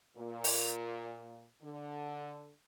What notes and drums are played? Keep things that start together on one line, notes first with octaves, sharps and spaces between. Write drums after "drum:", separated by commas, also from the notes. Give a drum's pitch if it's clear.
A#2
drum: open hi-hat
D3